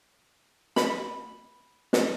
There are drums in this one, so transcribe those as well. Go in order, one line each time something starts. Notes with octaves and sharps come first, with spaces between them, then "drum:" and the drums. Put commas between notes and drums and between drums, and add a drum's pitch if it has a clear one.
B5, drum: snare
drum: snare